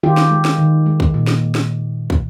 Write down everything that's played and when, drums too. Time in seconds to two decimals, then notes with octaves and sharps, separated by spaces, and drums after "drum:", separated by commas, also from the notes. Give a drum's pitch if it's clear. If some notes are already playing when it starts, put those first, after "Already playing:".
0.03 D#3 F4 G4
0.17 drum: snare
0.31 G#3
0.45 drum: snare
0.59 D#3
0.86 G#3
1.00 drum: kick
1.14 A#2
1.27 drum: snare
1.55 drum: snare
2.10 drum: kick